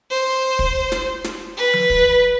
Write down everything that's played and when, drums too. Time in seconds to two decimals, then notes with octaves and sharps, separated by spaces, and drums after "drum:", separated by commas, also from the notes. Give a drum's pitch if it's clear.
0.11 C5
0.59 drum: kick
0.92 drum: snare
1.24 drum: snare
1.57 B4
1.73 drum: tom F3
1.90 drum: kick